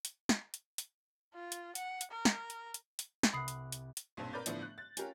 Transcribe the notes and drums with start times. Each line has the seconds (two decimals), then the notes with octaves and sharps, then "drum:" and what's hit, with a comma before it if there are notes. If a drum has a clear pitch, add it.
0.05 drum: hi-hat
0.29 drum: snare
0.54 drum: hi-hat
0.78 drum: hi-hat
1.34 F4
1.52 drum: hi-hat
1.75 F#5, drum: hi-hat
2.01 drum: hi-hat
2.11 A#4
2.25 drum: snare
2.50 drum: hi-hat
2.74 drum: hi-hat
2.99 drum: hi-hat
3.23 drum: snare
3.33 C2 F#5 B5 D#6 C7
3.48 drum: hi-hat
3.72 drum: hi-hat
3.97 drum: hi-hat
4.17 B1 G2 A#2 C4 A5
4.33 A#4 B4 D5 D6 G6 A6
4.46 A2 D3 F3 B3 D4 E4, drum: hi-hat
4.62 F#6
4.78 A6
4.97 C#4 F4 G4 A#4, drum: hi-hat